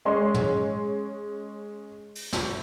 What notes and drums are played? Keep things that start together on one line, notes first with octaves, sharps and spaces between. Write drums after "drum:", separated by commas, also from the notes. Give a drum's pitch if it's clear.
G#3 C#4 C#5 D#5 C6
drum: tom
drum: open hi-hat
drum: snare